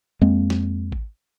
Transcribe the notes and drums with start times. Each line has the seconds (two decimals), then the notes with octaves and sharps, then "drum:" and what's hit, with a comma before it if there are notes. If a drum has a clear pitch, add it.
0.21 F2 G#3 A#3 C4
0.50 drum: snare
0.92 drum: kick G#1